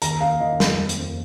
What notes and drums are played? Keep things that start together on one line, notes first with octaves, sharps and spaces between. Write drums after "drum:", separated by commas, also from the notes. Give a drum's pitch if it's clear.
D#2 A#5, drum: hi-hat
A#3 F5
D#2 D#5
F2, drum: snare
A#3
drum: hi-hat
F2